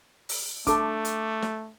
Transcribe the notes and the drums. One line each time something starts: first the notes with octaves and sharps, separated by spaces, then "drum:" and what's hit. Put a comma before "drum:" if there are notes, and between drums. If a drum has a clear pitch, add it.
drum: open hi-hat
A3 D4 A4 D6, drum: kick, hi-hat
drum: hi-hat
drum: snare